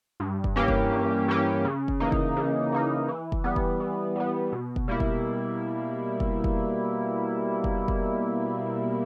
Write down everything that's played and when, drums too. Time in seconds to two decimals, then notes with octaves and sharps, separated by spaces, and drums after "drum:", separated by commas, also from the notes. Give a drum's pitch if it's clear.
0.20 G2
0.44 drum: kick
0.56 E3 A#3 C#4 G4
0.68 drum: kick
0.92 G2
1.28 E3 A#3 C#4 G4
1.65 C#3
1.88 drum: kick
2.00 E3 A#3 D#4
2.12 drum: kick
2.37 C#3
2.72 E3 A#3 D#4
3.08 E3
3.32 drum: kick
3.44 G3 B3
3.56 drum: kick
3.80 E3
4.16 G3 B3
4.53 B2
4.76 drum: kick
4.88 G3 A#3 E4
5.00 drum: kick
6.20 drum: kick
6.44 drum: kick
7.64 drum: kick
7.88 drum: kick